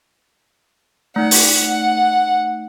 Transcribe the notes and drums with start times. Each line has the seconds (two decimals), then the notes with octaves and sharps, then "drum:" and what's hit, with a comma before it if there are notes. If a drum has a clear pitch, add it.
1.16 A3 D#4 F#5
1.31 drum: open hi-hat